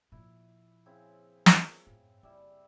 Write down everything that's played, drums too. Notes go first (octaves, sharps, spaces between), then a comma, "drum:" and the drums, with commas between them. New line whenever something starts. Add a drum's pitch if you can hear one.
A#2 F3 E4
C#3 C4 E4
drum: snare
F#2 A2
F#1 G3 E4 E5